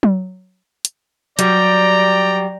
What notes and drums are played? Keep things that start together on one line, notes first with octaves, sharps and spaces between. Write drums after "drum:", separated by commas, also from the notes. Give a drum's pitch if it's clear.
drum: tom F#3
drum: hi-hat
F#3 G3 D5 G5 A#5, drum: hi-hat